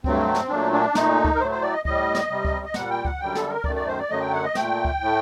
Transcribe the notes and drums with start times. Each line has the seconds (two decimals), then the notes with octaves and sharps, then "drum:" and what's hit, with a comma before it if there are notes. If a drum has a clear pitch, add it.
0.04 G2 F#3 A3 C4, drum: kick C#2
0.35 drum: snare
0.49 A#2 F#3 A3 D4
0.72 D4
0.95 A#2 A3 D#4, drum: snare
1.25 drum: kick C#2
1.35 A#4
1.40 A2 F#3 A3 C5
1.51 C5
1.62 D5
1.73 D#5
1.85 A2 G3 D#5, drum: kick C#2
2.15 drum: snare
2.29 C3 G3
2.45 drum: kick C#2
2.65 D#5
2.74 A#2 G3 F#5, drum: snare
2.90 G5
3.05 F#5, drum: kick C#2
3.19 F#2 D3 G3 G5
3.35 A4, drum: snare
3.49 A#4
3.64 F#2 D#3 A3 D5, drum: kick C#2
3.76 D5
3.87 C5
3.99 D5
4.10 F#2 D3 F#3 A3 D#5
4.21 G5
4.33 F#5
4.44 D#5
4.55 A#2 A3 G5, drum: snare
4.85 drum: kick C#2
5.00 A2 A3